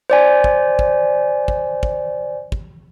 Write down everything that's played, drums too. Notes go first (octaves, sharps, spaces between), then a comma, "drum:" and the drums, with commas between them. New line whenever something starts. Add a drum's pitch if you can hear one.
C5 D5 G#5
drum: kick
drum: kick
drum: kick
drum: kick
drum: kick